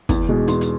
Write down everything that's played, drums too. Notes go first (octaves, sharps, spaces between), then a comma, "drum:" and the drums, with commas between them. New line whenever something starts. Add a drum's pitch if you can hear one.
E2, drum: kick, hi-hat
B2 G#3
E2 C6, drum: hi-hat
drum: hi-hat